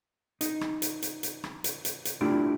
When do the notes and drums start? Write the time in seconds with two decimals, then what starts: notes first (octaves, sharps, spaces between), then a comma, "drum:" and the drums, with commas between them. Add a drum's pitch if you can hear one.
0.41 D#4, drum: hi-hat
0.61 drum: rim click
0.82 drum: hi-hat
1.02 drum: hi-hat
1.23 drum: hi-hat
1.44 drum: rim click
1.64 drum: hi-hat
1.85 drum: hi-hat
2.05 drum: hi-hat
2.21 A3 D4 E4 F4 G4